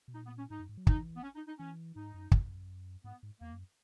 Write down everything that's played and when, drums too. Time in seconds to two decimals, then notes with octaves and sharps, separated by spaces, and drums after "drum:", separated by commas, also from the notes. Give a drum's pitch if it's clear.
0.08 B2
0.14 A#2 D#4
0.26 B3
0.38 C#4
0.50 G#2 D#4
0.60 F#2
0.69 G#2
0.78 F#3
0.87 E3 D#4, drum: kick
1.16 B3
1.23 C#4
1.35 D#4
1.48 D#4
1.59 E3 C#4
1.96 G#2 D#4
2.14 F#2
2.32 F#2, drum: kick
3.04 G#2 B3
3.23 G#2
3.41 E2 A#3
3.53 F#2